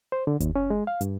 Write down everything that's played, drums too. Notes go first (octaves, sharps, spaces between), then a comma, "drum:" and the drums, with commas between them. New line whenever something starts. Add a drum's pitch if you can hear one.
C5
D3
D#2, drum: kick F#1, hi-hat
C#4
G#3
F5
G2, drum: hi-hat